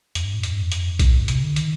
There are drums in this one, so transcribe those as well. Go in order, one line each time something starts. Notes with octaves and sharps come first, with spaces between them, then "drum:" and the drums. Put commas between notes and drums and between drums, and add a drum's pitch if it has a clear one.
F2, drum: hi-hat
G2
A2
F2, drum: hi-hat
G2
F2
drum: hi-hat
G2, drum: kick B1, hi-hat
A#2
A2
C3, drum: hi-hat
D3
D#3, drum: hi-hat